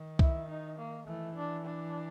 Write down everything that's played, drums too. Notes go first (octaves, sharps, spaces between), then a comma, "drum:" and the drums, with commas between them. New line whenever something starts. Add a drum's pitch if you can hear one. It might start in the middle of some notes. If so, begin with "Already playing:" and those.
Already playing: D#3
E4, drum: kick C2
D#4
A#3
E3 A3
D4
D4